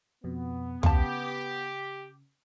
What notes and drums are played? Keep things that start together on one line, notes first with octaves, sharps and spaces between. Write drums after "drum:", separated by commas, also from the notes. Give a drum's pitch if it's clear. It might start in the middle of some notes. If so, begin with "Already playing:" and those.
F2 B2 B3
C#3 G4 F5 A5, drum: tom